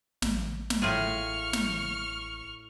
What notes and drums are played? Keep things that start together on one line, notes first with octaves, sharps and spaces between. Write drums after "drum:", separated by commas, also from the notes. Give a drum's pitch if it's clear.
A1, drum: snare
drum: snare
A2 F4 G#4 C#6 F6
drum: snare